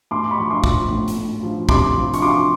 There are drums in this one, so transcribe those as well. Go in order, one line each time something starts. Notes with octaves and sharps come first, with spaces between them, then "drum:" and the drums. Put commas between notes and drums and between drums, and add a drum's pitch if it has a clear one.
A2 C6 D6
B5 C#6
F3
C6 D6
F3, drum: kick
A2
drum: hi-hat
A2
F3
C3 C6 D6, drum: kick
F3
C#6, drum: hi-hat
F3 C6 D6